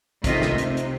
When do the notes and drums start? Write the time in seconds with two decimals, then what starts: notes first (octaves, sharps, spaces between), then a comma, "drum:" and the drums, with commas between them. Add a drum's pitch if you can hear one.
0.24 C3 D#3 A3 F4 D#5 E5, drum: kick, hi-hat
0.42 drum: snare
0.58 C3, drum: hi-hat
0.77 drum: hi-hat